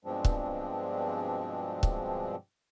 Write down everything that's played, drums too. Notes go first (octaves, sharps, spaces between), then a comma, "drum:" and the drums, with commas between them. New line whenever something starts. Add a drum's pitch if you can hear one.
G2 B2 F3 G#3 C4 D4
drum: kick C#1
drum: kick C#1